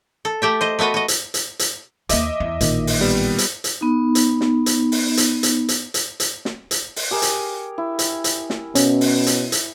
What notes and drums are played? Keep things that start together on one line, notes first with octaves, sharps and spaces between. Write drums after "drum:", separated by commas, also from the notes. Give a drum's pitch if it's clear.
A4
A3 G4 E5
C5 D#5
A3 B3 F#4 B4 D#5
F#4 D#5
drum: hi-hat
drum: hi-hat
drum: hi-hat
D#2 A#3 D#5 E5 D6, drum: hi-hat
E2
A1 A#2 D#3, drum: hi-hat
drum: open hi-hat
G3 B3
drum: hi-hat
drum: hi-hat
B3 D#4
drum: hi-hat
drum: snare
drum: hi-hat
drum: open hi-hat
drum: hi-hat
drum: hi-hat
drum: hi-hat
drum: hi-hat
drum: hi-hat
drum: snare
drum: hi-hat
drum: open hi-hat
G4 G#4 A#4
drum: hi-hat
E4
drum: hi-hat
drum: hi-hat
drum: snare
B2 C#4, drum: hi-hat
drum: open hi-hat
drum: hi-hat
drum: hi-hat